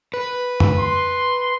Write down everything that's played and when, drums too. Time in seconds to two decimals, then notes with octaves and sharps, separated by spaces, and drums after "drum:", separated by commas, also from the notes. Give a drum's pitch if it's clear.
0.14 B4
0.60 drum: tom F2
0.79 C6